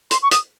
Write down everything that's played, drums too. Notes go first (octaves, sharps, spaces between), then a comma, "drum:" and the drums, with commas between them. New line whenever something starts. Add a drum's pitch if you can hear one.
C6, drum: hi-hat
C#6
D#6, drum: hi-hat